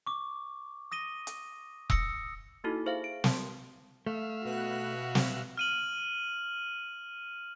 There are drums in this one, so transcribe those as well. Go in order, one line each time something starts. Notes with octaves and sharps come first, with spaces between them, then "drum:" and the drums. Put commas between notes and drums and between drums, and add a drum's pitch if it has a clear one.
C#6 D6
D#6 A#6 D#7 G7
drum: hi-hat
D#6 E6 A#6 C#7, drum: kick E1
A#3 D#4 E4 F#4 A4
G#4 C5 E5 F5
D7
A#4 A5 C6, drum: snare
A3 E5 F5
B2 F#4 B4 F#6
drum: snare
F6 D#7 F#7